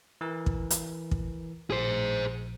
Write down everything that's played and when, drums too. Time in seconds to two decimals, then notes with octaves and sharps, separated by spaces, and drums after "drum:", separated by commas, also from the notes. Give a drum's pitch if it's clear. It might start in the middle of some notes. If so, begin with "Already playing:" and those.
0.21 E3 A#4
0.46 drum: kick
0.71 drum: hi-hat
1.11 drum: kick
1.70 A#1 G#4 C5